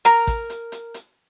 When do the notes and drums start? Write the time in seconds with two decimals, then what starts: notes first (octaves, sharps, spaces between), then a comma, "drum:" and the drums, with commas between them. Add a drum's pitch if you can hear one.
0.05 A#4 A#5
0.27 drum: kick A1, hi-hat
0.50 drum: hi-hat
0.72 drum: hi-hat
0.94 drum: hi-hat